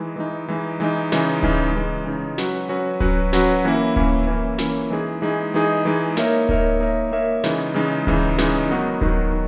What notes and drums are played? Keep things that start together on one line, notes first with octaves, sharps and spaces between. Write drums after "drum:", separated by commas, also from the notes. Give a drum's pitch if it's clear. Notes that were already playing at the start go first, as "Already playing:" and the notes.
Already playing: E3 G#3 D#4
E3 G#3 D#4
E3 G#3 D#4
E3 G#3 D#4
C#3 E3 G#3 D#4, drum: snare
C#3 E3 G#3 D#4, drum: kick D1
C#3 E3 G#3 D#4
C#3 E3 G#3 D#4
F#3 C#4 F#4 B4, drum: snare
F#3 C#4 F#4 B4
F#3 C#4 F#4 B4, drum: kick D1
F#3 C#4 F#4 B4, drum: snare
E3 A#3 C#4 E4
E3 A#3 C#4 E4, drum: kick D1
E3 A#3 C#4 E4
E3 A#3 C#4 E4, drum: snare
E3 G#3 D#4 G#4
E3 G#3 D#4 G#4
E3 G#3 D#4 G#4
E3 G#3 D#4 G#4
A#3 D#4 A#4 C#5 E5, drum: snare
A#3 D#4 A#4 C#5 E5, drum: kick D1
A#3 D#4 A#4 C#5 E5
A#3 D#4 A#4 C#5 E5
C#3 E3 G#3 D#4, drum: snare
C#3 E3 G#3 D#4
C#3 E3 G#3 D#4, drum: kick D1
C#3 E3 G#3 D#4, drum: snare
D#3 F#3 B3 D#4 F#4
D#3 F#3 B3 D#4 F#4, drum: kick D1
D#3